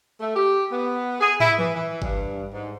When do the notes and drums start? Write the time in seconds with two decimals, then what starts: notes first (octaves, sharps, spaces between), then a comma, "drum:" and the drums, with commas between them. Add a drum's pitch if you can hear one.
0.20 A3
0.35 G4
0.71 B3
1.21 G#4
1.40 E4, drum: tom
1.59 E3, drum: tom E3
1.75 E3
2.02 G2, drum: kick G1
2.52 G#2